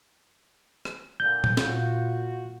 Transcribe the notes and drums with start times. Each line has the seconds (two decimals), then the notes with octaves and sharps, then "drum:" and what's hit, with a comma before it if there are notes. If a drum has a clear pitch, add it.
0.85 drum: rim click
1.20 A#2 D3 G6
1.44 drum: tom
1.57 A#2 F4 F#4, drum: snare